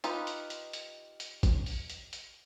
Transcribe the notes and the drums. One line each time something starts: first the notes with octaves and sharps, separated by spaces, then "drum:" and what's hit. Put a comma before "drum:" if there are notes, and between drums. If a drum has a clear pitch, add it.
D#4 F4 G4 B4, drum: hi-hat
drum: hi-hat
drum: hi-hat
drum: hi-hat
drum: hi-hat
drum: kick A1, hi-hat
drum: open hi-hat
drum: hi-hat
drum: hi-hat